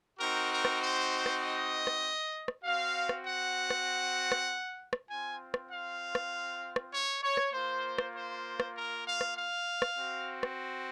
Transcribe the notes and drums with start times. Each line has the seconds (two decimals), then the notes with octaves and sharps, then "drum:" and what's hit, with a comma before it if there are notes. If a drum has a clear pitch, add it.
0.19 C4 D#4 F#4 A#4
0.49 A#4
0.65 drum: rim click
0.80 C5
1.26 drum: rim click
1.41 D#5
1.87 drum: rim click
2.48 drum: rim click
2.63 C4 F#4 F5
3.09 drum: rim click
3.24 F#5
3.70 drum: rim click
4.32 drum: rim click
4.93 drum: rim click
5.08 C4 F4 G#5
5.54 drum: rim click
5.69 F5
6.15 drum: rim click
6.76 drum: rim click
6.92 C#5
7.22 C#5
7.37 drum: rim click
7.53 A#3 F4 C5
7.98 drum: rim click
8.14 C5
8.60 drum: rim click
8.75 A#4
9.05 F5
9.21 drum: rim click
9.36 F5
9.82 drum: rim click
9.97 C4 F#4
10.43 drum: rim click